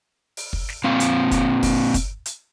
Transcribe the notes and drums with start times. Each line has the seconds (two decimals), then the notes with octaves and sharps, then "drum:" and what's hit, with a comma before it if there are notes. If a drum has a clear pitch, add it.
0.37 drum: open hi-hat
0.53 drum: kick
0.69 drum: snare
0.84 A#2 C4 F5
1.00 drum: hi-hat
1.31 drum: kick, hi-hat
1.63 drum: kick, open hi-hat
1.94 drum: kick, hi-hat
2.26 drum: hi-hat